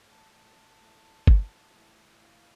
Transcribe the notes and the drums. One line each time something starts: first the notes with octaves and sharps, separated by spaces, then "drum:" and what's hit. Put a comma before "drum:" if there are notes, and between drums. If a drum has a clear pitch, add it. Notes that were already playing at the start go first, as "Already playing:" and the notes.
Already playing: A2 E3 A3
A5
A2 A5
E3 A3
A2, drum: kick G1
E3 A3
A2 F5